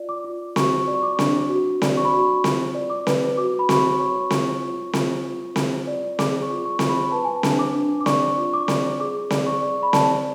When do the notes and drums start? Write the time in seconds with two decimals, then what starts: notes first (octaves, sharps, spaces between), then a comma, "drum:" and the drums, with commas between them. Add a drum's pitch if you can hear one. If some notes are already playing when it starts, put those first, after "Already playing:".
Already playing: F4 D5
0.09 D6
0.24 F4
0.56 F#4 C#6, drum: snare C4
0.87 D5
0.94 C#6
1.03 D6
1.19 D4, drum: snare C4
1.49 F#4
1.82 D5, drum: snare C4
1.97 C#6
2.05 B5
2.12 F#4 C#6
2.44 F4, drum: snare C4
2.75 D5
2.90 D6
3.07 B4, drum: snare C4
3.37 F#4 D6
3.59 B5
3.69 F#4 C#6, drum: snare C4
4.00 C#5 C#6
4.30 F4, drum: snare C4
4.62 F4
4.93 F4, drum: snare C4
5.25 F4
5.56 F4, drum: snare C4
5.87 D5
6.19 G#4 D6, drum: snare C4
6.42 C#6
6.50 F4
6.66 C#6
6.79 F4 C#6, drum: snare C4
6.89 B5
7.12 B4 A5
7.24 G#5
7.36 A5
7.43 D4, drum: snare C4
7.59 D6
7.74 D4
8.01 D6
8.06 D5 C#6, drum: snare C4
8.38 F4
8.54 D6
8.68 D5, drum: snare C4
9.00 G#4 D6
9.30 D5, drum: snare C4
9.47 C#6
9.62 D5
9.83 B5
9.93 D5 A5, drum: snare C4